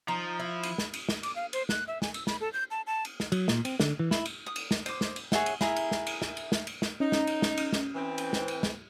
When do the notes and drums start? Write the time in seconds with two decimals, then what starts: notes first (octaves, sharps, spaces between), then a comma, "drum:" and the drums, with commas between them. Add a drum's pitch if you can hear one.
0.08 F3 D#4
0.40 E4
0.63 drum: cymbal
0.78 drum: snare
0.93 drum: cymbal
1.09 drum: snare
1.23 D6, drum: cymbal
1.36 F5
1.53 C5, drum: cymbal
1.69 F#6, drum: snare
1.88 E5
2.02 G#5, drum: snare
2.14 E6, drum: cymbal
2.27 B5, drum: snare
2.41 A4
2.53 G6
2.71 A5
2.87 A5
3.05 drum: cymbal
3.20 drum: snare
3.32 F#3, drum: cymbal
3.48 A#2, drum: snare
3.65 C4, drum: cymbal
3.80 D3, drum: snare
3.99 E3
4.11 E4, drum: snare
4.25 drum: cymbal
4.46 D#6
4.56 drum: cymbal
4.71 drum: snare
4.86 C5 D6, drum: cymbal
5.01 drum: snare
5.16 drum: cymbal
5.32 G#4 C#5 E5 F#5, drum: snare
5.46 drum: cymbal
5.61 E4 G#4 A#4 E5, drum: snare
5.76 drum: cymbal
5.91 drum: snare
6.07 drum: cymbal
6.22 drum: snare
6.37 drum: cymbal
6.52 drum: snare
6.67 drum: cymbal
6.82 drum: snare
7.00 C#4 D#4
7.12 drum: snare
7.27 drum: cymbal
7.42 drum: snare
7.57 drum: cymbal
7.73 drum: snare
7.95 E3 C4
8.18 drum: cymbal
8.33 drum: snare
8.48 drum: cymbal
8.63 drum: snare